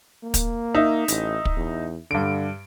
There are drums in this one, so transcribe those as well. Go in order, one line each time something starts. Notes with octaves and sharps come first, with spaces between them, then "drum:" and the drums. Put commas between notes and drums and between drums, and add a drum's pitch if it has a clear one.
A#3
drum: kick, hi-hat
D#4 E5
A1, drum: hi-hat
drum: kick
E2
G2 D3 D7